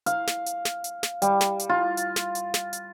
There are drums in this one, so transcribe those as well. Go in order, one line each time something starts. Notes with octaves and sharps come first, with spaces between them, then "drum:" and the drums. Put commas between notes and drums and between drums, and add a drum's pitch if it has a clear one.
F5, drum: hi-hat
drum: snare
drum: hi-hat
drum: snare
drum: hi-hat
drum: snare
G3, drum: hi-hat
drum: snare
drum: hi-hat
F4
drum: hi-hat
drum: snare
drum: hi-hat
drum: snare
drum: hi-hat